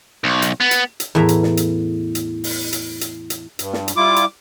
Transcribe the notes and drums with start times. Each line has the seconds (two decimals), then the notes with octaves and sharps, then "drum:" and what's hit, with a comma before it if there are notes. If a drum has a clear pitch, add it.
0.24 B1
0.42 drum: hi-hat
0.60 B3
0.71 drum: hi-hat
1.00 drum: hi-hat
1.15 E2 A2 E5 A#5
1.29 drum: hi-hat
1.43 drum: snare
1.57 drum: hi-hat
2.15 drum: hi-hat
2.44 drum: open hi-hat
2.72 drum: hi-hat
3.01 drum: hi-hat
3.30 drum: hi-hat
3.59 G2, drum: hi-hat
3.73 drum: snare
3.88 drum: hi-hat
3.97 G3 E4 F4 D6
4.16 drum: hi-hat